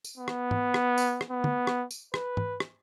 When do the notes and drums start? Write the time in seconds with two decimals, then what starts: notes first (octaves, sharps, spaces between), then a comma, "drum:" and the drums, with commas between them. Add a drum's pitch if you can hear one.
0.04 drum: tambourine
0.17 B3
0.28 drum: rim click
0.51 drum: tom
0.74 drum: rim click
0.98 drum: tambourine
1.21 drum: rim click
1.31 B3
1.44 drum: tom
1.67 drum: rim click
1.91 drum: tambourine
2.14 B4, drum: rim click
2.37 drum: tom
2.60 drum: rim click